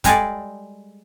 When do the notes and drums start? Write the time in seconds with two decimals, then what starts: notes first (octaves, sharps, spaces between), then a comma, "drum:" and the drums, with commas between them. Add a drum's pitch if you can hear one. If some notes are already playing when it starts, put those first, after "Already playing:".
0.04 G3 G#3 G#4 A4 D5, drum: kick, hi-hat